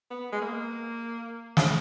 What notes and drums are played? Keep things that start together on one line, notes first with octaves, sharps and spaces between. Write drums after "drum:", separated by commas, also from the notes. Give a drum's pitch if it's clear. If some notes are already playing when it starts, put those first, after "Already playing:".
B3
G#3
A#3
drum: snare